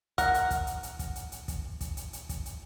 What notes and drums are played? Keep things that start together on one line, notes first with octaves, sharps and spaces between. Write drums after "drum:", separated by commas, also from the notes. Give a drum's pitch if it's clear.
A#4 F#5, drum: kick, hi-hat
drum: hi-hat
drum: kick, hi-hat
drum: hi-hat
drum: hi-hat
drum: kick, hi-hat
drum: hi-hat
drum: hi-hat
drum: kick, hi-hat
drum: kick, hi-hat
drum: hi-hat
drum: hi-hat
drum: kick, hi-hat
drum: hi-hat